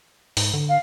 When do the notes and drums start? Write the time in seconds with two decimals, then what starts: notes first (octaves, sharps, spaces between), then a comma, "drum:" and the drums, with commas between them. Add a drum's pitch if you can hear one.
0.37 G#2, drum: open hi-hat
0.54 D3
0.69 F5